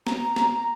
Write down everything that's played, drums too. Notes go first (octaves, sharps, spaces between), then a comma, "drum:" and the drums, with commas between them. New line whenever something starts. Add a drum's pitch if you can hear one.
A#5, drum: snare
drum: snare